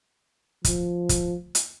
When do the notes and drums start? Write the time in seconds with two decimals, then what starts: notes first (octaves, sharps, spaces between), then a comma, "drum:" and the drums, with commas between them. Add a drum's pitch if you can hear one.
0.65 F3, drum: kick, hi-hat
1.09 drum: kick, hi-hat
1.55 drum: hi-hat